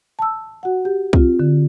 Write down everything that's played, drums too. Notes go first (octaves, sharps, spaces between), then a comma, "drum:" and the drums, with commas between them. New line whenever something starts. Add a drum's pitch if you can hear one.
A5 E6
F#4 F#5
G4
C4 F4, drum: kick
D3